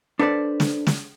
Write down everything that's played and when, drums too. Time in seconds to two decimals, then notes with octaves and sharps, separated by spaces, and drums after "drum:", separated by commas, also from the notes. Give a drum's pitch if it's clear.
0.19 D4 A4 B4 C5 D5
0.60 drum: snare
0.87 drum: snare